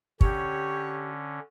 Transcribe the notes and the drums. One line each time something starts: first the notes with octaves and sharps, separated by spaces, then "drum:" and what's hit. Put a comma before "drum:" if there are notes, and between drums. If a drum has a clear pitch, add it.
D3 C#4 G4 C#5, drum: kick